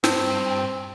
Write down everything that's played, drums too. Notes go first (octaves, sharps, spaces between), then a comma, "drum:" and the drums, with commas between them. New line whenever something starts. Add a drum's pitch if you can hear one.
G2 C4, drum: snare